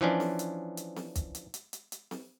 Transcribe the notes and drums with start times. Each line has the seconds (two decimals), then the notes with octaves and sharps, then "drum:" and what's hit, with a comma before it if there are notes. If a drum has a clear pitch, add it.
0.01 E3 F3 C#4 D4
0.20 drum: snare C4
0.39 drum: hi-hat
0.77 drum: hi-hat
0.96 drum: snare C4
1.15 drum: kick, hi-hat
1.35 drum: hi-hat
1.54 drum: hi-hat
1.73 drum: hi-hat
1.92 drum: hi-hat
2.11 drum: snare C4